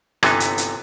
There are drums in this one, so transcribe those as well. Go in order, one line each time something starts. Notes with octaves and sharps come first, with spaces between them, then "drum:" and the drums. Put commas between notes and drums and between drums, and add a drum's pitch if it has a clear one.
G1 C3 E3 B3 D#4, drum: rim click
drum: hi-hat
drum: hi-hat